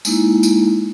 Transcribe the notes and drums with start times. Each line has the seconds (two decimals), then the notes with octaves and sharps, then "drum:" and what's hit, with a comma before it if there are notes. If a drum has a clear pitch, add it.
0.05 G#3 A#3 D#4 E4, drum: tambourine
0.43 drum: tambourine